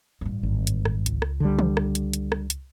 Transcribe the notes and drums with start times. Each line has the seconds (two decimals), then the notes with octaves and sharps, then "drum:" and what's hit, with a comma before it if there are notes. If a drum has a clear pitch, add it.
0.21 A1 G2
0.43 G#1
0.67 drum: hi-hat
0.85 drum: rim click
1.06 C#2, drum: hi-hat
1.22 drum: rim click
1.40 D3 G3
1.59 drum: tom
1.77 drum: rim click
1.95 drum: hi-hat
2.13 drum: hi-hat
2.32 drum: rim click
2.50 drum: hi-hat